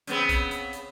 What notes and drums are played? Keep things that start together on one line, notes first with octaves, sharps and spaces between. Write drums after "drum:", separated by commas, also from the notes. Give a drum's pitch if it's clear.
C#3 B3 C4, drum: hi-hat
drum: kick, hi-hat
drum: hi-hat
drum: hi-hat